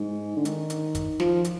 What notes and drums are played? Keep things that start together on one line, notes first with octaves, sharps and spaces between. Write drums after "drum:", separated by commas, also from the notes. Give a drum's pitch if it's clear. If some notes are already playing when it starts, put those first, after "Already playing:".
Already playing: G#2
D3
D#3, drum: hi-hat
drum: hi-hat
drum: kick, hi-hat
F3, drum: snare
drum: hi-hat